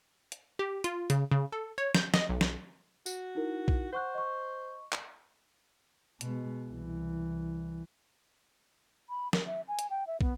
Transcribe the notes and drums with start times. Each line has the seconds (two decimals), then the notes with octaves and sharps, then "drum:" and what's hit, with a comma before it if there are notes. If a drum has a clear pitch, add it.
0.32 drum: hi-hat
0.59 G4
0.84 F4, drum: hi-hat
1.10 C#3, drum: hi-hat
1.31 C#3
1.52 A4
1.78 C#5
1.95 G6, drum: snare
2.14 D#5, drum: snare
2.29 B1
2.41 drum: snare
3.06 F#4, drum: tambourine
3.35 D#4 E4 A#4
3.68 drum: kick
3.92 C5 F#5 C#6 F#6
4.15 D#5 C#6
4.92 drum: clap
6.21 B2 G#3, drum: hi-hat
6.66 C2 E3
9.09 B5
9.33 A#4, drum: snare
9.46 E5
9.68 G#5
9.79 drum: hi-hat
9.90 G5
10.07 E5
10.21 B3, drum: kick